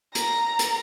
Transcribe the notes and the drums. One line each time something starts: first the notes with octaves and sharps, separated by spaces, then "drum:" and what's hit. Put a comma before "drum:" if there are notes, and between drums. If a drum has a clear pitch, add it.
A#5, drum: hi-hat
drum: hi-hat